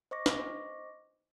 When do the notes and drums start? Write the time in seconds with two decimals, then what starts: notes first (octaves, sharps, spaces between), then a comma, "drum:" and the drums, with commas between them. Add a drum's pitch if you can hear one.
0.11 C5 D#5 C#6 D6 A#6
0.26 drum: snare